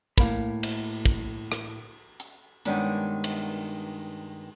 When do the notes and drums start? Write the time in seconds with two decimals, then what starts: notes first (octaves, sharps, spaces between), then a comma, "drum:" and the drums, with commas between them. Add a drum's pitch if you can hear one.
0.18 A2 A#3 A#4 B5, drum: kick
0.63 drum: cymbal
1.06 drum: kick
1.52 drum: rim click
2.20 drum: hi-hat
2.65 G2 D#3 G#3 B3 C#4 D4, drum: hi-hat
3.24 drum: cymbal